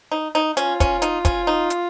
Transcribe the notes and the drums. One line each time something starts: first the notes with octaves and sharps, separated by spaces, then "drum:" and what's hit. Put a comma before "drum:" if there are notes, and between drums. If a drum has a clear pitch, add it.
D#4
D#4
C#4 F4, drum: hi-hat
C#4, drum: kick, hi-hat
D#4, drum: hi-hat
C#4, drum: kick, hi-hat
D#4
drum: hi-hat